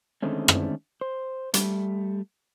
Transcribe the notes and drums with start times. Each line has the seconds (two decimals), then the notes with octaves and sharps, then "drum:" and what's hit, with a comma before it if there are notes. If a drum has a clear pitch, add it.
0.22 D3 D#3 G#3 A3 C4 C#4
0.48 drum: rim click
1.01 C5
1.54 G3 A3, drum: hi-hat